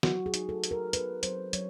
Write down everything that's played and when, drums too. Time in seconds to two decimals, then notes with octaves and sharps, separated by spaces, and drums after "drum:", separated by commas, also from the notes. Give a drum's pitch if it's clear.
0.03 F#3 F#4, drum: snare
0.26 G#4
0.34 D#4, drum: hi-hat
0.49 A4
0.64 D#4, drum: hi-hat
0.71 A#4
0.93 D#4 B4, drum: hi-hat
1.23 F#3 C5, drum: hi-hat
1.53 F#3 C#5, drum: hi-hat